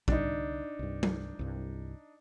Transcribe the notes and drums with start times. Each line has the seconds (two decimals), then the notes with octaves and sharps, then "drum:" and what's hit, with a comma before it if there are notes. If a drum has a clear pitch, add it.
0.08 C2 D3 G3 D4 D#4, drum: kick A#1
0.79 C2 G2
1.03 drum: tom F#3
1.39 C2 G2